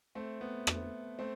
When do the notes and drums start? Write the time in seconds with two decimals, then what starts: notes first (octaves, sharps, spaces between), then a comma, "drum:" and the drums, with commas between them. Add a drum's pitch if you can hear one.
0.15 A3 C4
0.41 B3
0.67 drum: rim click
1.19 A3 C4